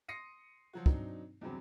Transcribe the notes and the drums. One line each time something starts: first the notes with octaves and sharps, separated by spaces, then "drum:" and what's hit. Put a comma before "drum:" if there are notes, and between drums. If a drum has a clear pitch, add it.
C6 D#6 A#6 C7 C#7 D#7
F3 F#3 F#4
F#3 C4 D4 D#4, drum: kick
E2 G2 C3 F#3 C4